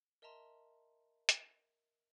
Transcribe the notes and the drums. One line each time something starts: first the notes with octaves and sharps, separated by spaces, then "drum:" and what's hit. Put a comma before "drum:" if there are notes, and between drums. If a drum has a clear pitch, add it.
A#4 D#5 E5 A5 A#5 C6
drum: hi-hat